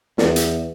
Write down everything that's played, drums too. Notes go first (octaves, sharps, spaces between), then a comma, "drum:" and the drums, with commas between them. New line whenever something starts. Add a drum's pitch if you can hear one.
E2, drum: snare
drum: hi-hat